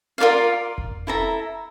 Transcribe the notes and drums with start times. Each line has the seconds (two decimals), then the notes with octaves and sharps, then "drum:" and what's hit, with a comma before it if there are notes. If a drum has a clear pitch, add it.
0.18 F4 A#4 D5 F5
0.78 drum: kick F1
1.07 E4 A4 E5 A#5